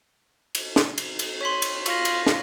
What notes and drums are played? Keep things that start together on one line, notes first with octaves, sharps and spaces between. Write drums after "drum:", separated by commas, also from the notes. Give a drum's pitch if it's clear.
drum: cymbal
drum: snare
drum: cymbal
drum: cymbal
C#5 C6 C#6 B6 F#7
drum: cymbal
F4 C#6 A#6, drum: cymbal
drum: cymbal
drum: snare